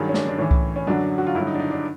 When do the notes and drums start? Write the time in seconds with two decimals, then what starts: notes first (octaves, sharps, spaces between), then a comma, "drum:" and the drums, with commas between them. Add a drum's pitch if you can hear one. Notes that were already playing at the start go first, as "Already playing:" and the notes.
Already playing: G2 D#3 F#3 G#4
0.09 C#4
0.14 D4, drum: snare A3
0.28 D4
0.38 A2 E3 C#4
0.51 drum: kick C2
0.76 C#4
0.87 F#2 D3 F#3 D4
1.18 F#4
1.27 F4
1.35 G2 D3 F#3 E4
1.47 D#4
1.54 D4
1.59 D#4
1.71 D4